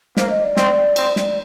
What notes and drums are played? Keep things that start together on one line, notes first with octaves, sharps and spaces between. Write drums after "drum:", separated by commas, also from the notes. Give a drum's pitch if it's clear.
A#3 C5, drum: snare
D#5
D5
C4, drum: snare
C4, drum: cymbal
drum: snare